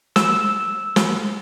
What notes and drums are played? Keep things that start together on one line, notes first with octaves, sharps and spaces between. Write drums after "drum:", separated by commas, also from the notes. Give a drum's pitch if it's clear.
E6, drum: snare
drum: snare